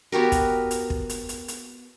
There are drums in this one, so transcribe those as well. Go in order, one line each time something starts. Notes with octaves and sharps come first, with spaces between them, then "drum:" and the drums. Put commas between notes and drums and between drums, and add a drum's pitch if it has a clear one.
B3 F#4 G4 A#4
drum: kick, hi-hat
drum: hi-hat
drum: kick
drum: hi-hat
drum: hi-hat
drum: hi-hat